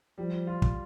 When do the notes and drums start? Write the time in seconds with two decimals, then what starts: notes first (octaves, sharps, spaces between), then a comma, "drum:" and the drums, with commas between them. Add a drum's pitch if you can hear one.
0.18 F3 G3
0.47 F4
0.62 drum: kick